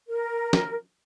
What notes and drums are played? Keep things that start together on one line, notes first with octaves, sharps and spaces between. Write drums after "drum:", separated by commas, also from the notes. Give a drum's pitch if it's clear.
A#4
drum: snare